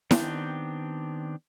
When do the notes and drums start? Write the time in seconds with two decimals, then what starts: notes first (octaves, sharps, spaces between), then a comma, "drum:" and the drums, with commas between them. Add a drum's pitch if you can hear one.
0.11 D#3 B3 C4 D4 G4, drum: snare E4